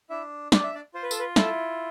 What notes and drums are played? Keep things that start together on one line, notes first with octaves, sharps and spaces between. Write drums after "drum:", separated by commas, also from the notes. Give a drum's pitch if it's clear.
D4 E4 E5
D4 D5, drum: snare
E5
D4 D5
F4 C5
B4
A4, drum: tambourine
B4
E4 A4, drum: snare